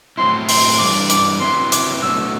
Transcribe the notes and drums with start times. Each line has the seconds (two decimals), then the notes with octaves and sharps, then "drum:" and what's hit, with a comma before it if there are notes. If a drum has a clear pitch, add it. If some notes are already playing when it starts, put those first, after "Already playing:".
0.17 A2 F#3 C4 E4 C6
0.49 C6, drum: open hi-hat
0.79 G2 E3 G3 D6
1.10 D6, drum: hi-hat
1.41 F#3 C4 E4 B4 E5 C6
1.72 D6, drum: hi-hat
2.02 B2 F#3 A3 D4 E6